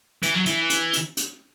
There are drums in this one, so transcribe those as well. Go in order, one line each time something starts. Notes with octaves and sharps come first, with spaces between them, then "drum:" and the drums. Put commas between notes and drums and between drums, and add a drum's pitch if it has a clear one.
E3, drum: hi-hat
F#3
E3, drum: hi-hat
drum: hi-hat
drum: hi-hat
drum: hi-hat